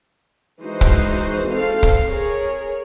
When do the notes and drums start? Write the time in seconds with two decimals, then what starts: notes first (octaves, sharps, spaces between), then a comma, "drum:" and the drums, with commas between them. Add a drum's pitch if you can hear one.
0.62 E3 G#3 D#4 F#4 C5
0.81 drum: kick
1.49 C4 A4 F5
1.83 drum: kick
2.08 G#4 A#4 C#5